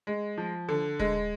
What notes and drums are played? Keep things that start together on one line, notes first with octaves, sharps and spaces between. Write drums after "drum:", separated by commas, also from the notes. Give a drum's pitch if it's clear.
G#3
F3
D3
G#3, drum: kick D#1